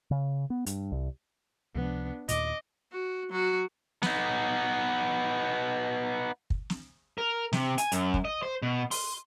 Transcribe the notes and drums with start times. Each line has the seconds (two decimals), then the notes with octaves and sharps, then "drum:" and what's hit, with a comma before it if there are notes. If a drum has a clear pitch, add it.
0.11 C#3
0.50 B3
0.66 G2, drum: hi-hat
0.92 C2
1.75 C#2 C3 F3 B3 D4
2.29 D#2 A#2 D#5 D6, drum: hi-hat
2.92 F#4
3.30 F#3 F#4
4.03 B3 D#4, drum: snare
6.50 drum: kick
6.70 drum: snare
7.18 A#4
7.53 C3, drum: snare
7.78 G#5, drum: hi-hat
7.92 F#2, drum: hi-hat
8.14 drum: kick
8.25 D#5
8.43 C5
8.62 B2
8.91 C6, drum: open hi-hat